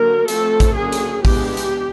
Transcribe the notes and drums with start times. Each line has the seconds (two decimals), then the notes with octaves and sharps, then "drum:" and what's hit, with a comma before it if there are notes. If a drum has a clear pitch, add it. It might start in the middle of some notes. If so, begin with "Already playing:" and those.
Already playing: D3 F#3 A#3 A#4
0.28 F3 A3 C4 A4, drum: hi-hat
0.60 drum: kick A1, hi-hat
0.76 D3 F#3 A#3 C#4 G#4
0.93 drum: hi-hat
1.25 E3 G#3 B3 D4 G4, drum: kick A1, open hi-hat
1.57 drum: hi-hat